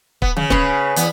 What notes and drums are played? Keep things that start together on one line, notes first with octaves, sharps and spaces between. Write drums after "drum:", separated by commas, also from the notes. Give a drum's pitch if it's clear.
B3, drum: kick
C#3, drum: tom D3
C#4 G#4 B4, drum: kick
E2 B3, drum: hi-hat